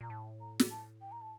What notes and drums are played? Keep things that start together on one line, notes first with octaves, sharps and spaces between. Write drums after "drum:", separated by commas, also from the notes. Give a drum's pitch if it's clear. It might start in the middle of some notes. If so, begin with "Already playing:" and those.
A#2 A#5
A2 A5
A#5
drum: snare
A5
G5
A#5
A5